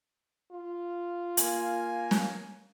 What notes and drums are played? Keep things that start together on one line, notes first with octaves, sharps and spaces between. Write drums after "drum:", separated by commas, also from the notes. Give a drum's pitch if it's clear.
F4
A#3 G#5, drum: hi-hat
drum: snare